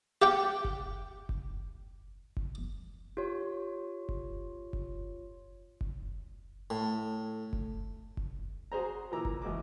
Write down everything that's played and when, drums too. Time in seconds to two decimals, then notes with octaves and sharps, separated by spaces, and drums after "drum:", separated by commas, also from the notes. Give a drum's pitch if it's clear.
0.22 G4 F#5 G5
0.65 drum: kick F#1
1.29 drum: kick F#1
2.37 drum: kick F#1
3.17 F4 G4 C#5
4.09 drum: kick F#1
4.73 drum: kick F#1
5.81 drum: kick F#1
6.70 A2
7.53 drum: kick F#1
8.17 drum: kick F#1
8.72 F#4 G#4 C5 A#5
9.12 A#2 E3 A#5 D6 E6
9.25 drum: kick F#1
9.42 A1 G#3 F#4 D6